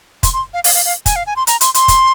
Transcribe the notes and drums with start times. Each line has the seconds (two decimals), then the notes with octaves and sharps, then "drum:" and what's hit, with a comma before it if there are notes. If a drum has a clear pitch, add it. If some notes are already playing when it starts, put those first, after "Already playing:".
0.23 C6, drum: kick, hi-hat
0.33 C6
0.54 F5
0.64 F5, drum: open hi-hat
0.74 F5
0.85 F5
1.06 G#5, drum: kick, hi-hat
1.16 F5
1.27 G#5
1.36 C6
1.47 A#5, drum: hi-hat
1.61 C6, drum: hi-hat
1.74 C6, drum: hi-hat
1.88 drum: kick, hi-hat